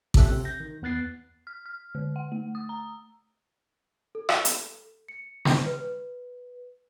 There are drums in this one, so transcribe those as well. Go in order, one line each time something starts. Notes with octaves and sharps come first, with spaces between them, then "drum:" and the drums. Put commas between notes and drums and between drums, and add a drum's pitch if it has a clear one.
A#2 C#4 G4 A4 E5 F#6, drum: kick A1
C3
G6 A#6
D#3
E2 B3 F#6 A6 C7
F6
F6
D3
F#5
A3
D#6
A#5
A4
drum: rim click
drum: hi-hat
C#7
drum: snare
B4